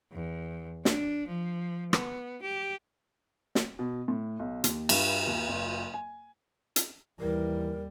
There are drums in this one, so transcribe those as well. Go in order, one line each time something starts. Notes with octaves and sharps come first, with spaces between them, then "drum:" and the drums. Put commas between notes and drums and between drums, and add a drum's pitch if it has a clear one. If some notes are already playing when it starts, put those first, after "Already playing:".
E2
D4, drum: snare
F3
B3, drum: rim click
G4
drum: snare
B2
A2
B1
D#2, drum: hi-hat
G2, drum: cymbal
D#2
F#1
G#5
drum: hi-hat
D#2 E3 G3 A#4